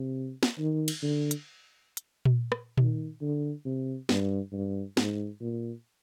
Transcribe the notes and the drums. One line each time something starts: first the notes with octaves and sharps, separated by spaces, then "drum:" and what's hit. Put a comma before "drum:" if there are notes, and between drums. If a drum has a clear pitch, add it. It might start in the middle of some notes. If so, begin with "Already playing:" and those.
Already playing: C3
drum: snare
D#3
drum: cymbal
D3
drum: hi-hat
drum: hi-hat
drum: tom A#2
drum: rim click
D#3, drum: tom A#2
D3
C3
G2, drum: snare
G2
G#2, drum: snare
A#2